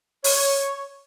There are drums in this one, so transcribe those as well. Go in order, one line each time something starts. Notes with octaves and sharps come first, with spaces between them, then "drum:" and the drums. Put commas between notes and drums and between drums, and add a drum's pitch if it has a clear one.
C#5, drum: open hi-hat